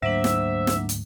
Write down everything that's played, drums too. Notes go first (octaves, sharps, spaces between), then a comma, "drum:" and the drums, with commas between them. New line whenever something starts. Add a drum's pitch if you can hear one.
D2 G#2 F#3 A3 A#3 D4 C5 E5
drum: snare
drum: snare
drum: hi-hat